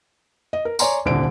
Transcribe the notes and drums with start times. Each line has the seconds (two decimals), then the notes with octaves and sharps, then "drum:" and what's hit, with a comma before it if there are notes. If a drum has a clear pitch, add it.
0.53 D#5
0.65 A#4
0.79 C#5 D5 G#5 A#5 C6, drum: tambourine
1.05 D#1 C2 D3 C5 D7